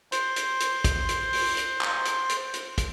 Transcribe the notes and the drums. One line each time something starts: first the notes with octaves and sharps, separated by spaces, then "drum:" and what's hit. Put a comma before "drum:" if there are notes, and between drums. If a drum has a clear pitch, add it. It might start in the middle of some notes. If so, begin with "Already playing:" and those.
C5 C6, drum: hi-hat
drum: hi-hat
drum: hi-hat
drum: kick, hi-hat
drum: hi-hat
drum: open hi-hat
drum: hi-hat
drum: clap
drum: hi-hat
drum: hi-hat
drum: hi-hat
drum: kick, hi-hat